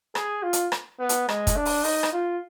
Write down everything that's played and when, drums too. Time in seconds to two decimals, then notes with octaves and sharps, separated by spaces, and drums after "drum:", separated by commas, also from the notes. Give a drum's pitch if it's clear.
0.15 G#4, drum: rim click
0.43 F4
0.53 drum: hi-hat
0.72 drum: rim click
0.99 B3
1.09 drum: hi-hat
1.29 G#3, drum: rim click
1.47 drum: kick, hi-hat
1.56 D4
1.65 drum: open hi-hat
1.84 D#4, drum: open hi-hat
2.03 drum: rim click
2.13 F4